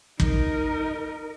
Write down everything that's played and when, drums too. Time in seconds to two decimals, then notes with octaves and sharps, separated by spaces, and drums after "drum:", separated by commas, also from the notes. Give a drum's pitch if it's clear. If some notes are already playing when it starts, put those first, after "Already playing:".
0.20 D#4 A#4, drum: kick